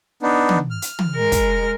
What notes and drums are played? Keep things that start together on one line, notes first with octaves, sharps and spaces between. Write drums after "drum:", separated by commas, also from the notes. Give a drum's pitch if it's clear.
B3 D4 D#4
drum: tom
F6
drum: hi-hat
drum: tom
G#3 A#4
drum: kick, hi-hat